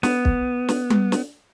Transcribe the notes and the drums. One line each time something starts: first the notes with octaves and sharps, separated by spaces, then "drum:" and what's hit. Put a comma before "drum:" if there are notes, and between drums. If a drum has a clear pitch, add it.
B3, drum: snare
drum: kick
drum: snare
drum: tom G3
drum: snare